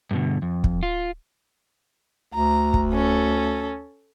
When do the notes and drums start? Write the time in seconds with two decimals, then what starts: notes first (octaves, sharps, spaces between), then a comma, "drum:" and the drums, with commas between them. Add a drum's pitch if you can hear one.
0.11 G2 B2 D3
0.42 F2
0.64 drum: kick
0.83 F4
2.34 D2 A#5
2.74 drum: kick
2.93 C#4 A4